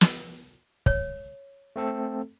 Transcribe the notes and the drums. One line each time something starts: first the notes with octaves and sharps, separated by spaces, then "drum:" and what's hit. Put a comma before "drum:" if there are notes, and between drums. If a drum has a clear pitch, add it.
drum: snare
C#5, drum: kick
A3 C4 A4